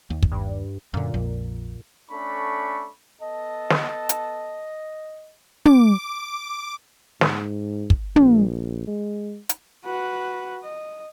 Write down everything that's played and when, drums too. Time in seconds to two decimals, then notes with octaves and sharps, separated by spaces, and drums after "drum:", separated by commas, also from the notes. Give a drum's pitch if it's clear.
0.10 D#2
0.23 drum: kick
0.32 G2
0.94 F#2 A#2 D3
1.14 A#1 F2
2.11 A3 C#4 D4 A4 B5 C#6
3.21 B3 A4 D#5 A5
3.70 drum: snare
4.09 drum: hi-hat
5.65 D6, drum: tom
7.21 G#2, drum: snare
7.90 drum: kick
8.16 A#1, drum: tom
8.87 G#3
9.49 drum: hi-hat
9.85 F#4 B4
10.63 D#5